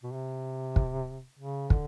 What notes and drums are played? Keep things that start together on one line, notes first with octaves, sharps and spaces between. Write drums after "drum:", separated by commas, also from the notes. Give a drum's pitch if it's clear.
B2
C3
drum: kick
C#3
D3, drum: kick